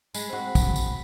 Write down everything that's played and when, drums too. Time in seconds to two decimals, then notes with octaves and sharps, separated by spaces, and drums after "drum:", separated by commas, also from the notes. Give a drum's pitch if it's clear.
0.14 G#3 B5, drum: tambourine
0.29 C4 F#4
0.55 drum: kick, tambourine
0.76 drum: tambourine